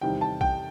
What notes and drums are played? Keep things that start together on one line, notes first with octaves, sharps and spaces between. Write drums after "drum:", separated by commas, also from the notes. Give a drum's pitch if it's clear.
E2 C3 D#3 G3 G5
A5
G5, drum: kick